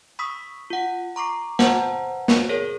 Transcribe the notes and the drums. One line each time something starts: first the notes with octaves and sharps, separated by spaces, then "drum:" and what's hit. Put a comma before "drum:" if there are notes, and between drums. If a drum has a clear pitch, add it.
B5 C#6 D#6 E6 B6
F4 F#5
A#5 C#6 D6 C7
B4 C5 F#5 A5 A#5, drum: snare
drum: snare
G#4 A#4 C#5